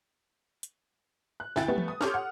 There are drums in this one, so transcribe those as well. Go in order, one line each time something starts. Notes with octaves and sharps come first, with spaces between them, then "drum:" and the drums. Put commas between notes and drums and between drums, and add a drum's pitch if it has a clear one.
drum: hi-hat
F#6
D2 E4 G5 A6, drum: snare
G3 A3 B3
drum: tom E3
D#6
G4 A4 C#5 C6 D6 F6, drum: snare
F#5